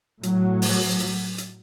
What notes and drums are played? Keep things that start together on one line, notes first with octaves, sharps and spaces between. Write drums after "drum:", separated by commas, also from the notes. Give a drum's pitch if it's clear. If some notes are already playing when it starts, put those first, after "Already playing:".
A2 F#3, drum: hi-hat
drum: open hi-hat
drum: hi-hat
drum: hi-hat